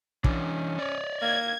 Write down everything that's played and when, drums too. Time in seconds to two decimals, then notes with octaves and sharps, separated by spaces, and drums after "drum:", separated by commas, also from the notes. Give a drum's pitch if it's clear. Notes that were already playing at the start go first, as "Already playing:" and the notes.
0.24 E3 C#4 D4, drum: kick
0.79 C#5 D5
1.22 A#3 G#6